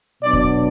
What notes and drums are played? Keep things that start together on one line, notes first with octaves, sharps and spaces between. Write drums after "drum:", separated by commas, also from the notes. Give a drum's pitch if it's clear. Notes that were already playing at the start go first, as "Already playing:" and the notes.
B2 F#3 B3 D4 D5
drum: kick